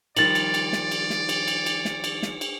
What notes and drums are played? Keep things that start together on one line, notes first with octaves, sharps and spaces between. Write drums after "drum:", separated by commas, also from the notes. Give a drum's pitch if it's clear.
D#3 F3 G3 D5 A6 F#7, drum: cymbal
drum: cymbal
drum: cymbal
drum: snare
drum: cymbal
drum: snare
drum: cymbal
drum: cymbal
drum: cymbal
drum: snare
drum: cymbal
drum: snare
drum: cymbal